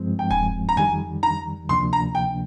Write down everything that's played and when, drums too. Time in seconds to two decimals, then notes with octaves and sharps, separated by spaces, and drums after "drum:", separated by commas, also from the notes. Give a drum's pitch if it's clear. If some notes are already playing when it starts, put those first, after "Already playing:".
Already playing: G2 F3 G#3 C4
0.19 G5
0.31 G#5, drum: kick D#1
0.69 A#5
0.77 F2 D#3 G3 G#5
1.23 A#5, drum: tom D#4
1.69 D2 C3 F3 A#3 D4 C6
1.93 A#5
2.15 G5